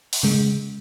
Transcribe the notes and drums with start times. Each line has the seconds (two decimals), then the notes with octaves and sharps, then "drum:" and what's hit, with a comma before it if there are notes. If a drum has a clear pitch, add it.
0.13 drum: open hi-hat
0.23 C#3 G#3